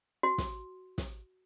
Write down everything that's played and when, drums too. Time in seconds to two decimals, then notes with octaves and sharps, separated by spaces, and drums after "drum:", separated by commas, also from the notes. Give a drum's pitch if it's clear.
0.23 F#4
0.38 drum: snare
0.98 drum: snare